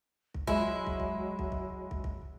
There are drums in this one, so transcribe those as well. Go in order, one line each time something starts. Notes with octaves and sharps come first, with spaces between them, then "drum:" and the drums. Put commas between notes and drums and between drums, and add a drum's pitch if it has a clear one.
drum: kick
F#3 G#3 E4, drum: kick
drum: kick
drum: kick
drum: kick
drum: kick
drum: kick
drum: kick